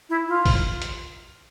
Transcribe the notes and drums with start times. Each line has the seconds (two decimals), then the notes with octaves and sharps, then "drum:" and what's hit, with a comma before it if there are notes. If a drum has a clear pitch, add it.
0.09 E4
0.28 F4
0.46 drum: kick, open hi-hat
0.82 drum: hi-hat